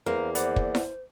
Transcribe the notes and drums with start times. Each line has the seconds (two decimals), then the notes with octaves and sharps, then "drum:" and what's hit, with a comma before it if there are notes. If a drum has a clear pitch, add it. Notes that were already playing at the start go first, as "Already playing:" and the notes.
0.06 E2 A#3 A#4 C5 F5
0.35 B4 C5 D5 F#5, drum: hi-hat
0.56 drum: kick
0.75 drum: snare E4